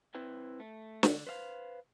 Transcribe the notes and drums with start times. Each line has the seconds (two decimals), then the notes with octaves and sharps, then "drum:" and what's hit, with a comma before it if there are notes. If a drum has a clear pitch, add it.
0.15 C4 E4 B4 G5
0.60 A3
1.03 D3, drum: snare
1.27 B4 C5 E5 F5